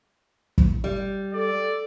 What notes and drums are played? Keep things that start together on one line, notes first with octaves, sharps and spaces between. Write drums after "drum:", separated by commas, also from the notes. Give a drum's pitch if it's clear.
drum: kick
G3
A4 D5